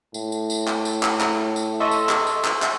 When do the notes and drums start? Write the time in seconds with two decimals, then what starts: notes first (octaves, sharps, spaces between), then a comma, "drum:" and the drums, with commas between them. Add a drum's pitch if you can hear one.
0.14 A2, drum: tambourine
0.32 drum: tambourine
0.50 drum: tambourine
0.67 drum: clap
0.85 drum: tambourine
1.03 drum: clap
1.21 drum: clap
1.56 drum: tambourine
1.80 A4 D#5 E5 C6 C#6 E6
1.91 drum: tambourine
2.09 drum: clap
2.27 drum: tambourine
2.45 drum: clap
2.62 drum: clap